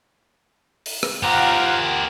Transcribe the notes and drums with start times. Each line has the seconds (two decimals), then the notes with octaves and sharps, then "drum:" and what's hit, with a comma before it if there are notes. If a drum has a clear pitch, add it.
0.86 drum: open hi-hat
1.03 drum: rim click
1.23 F4 G4 A#4 C5 F#5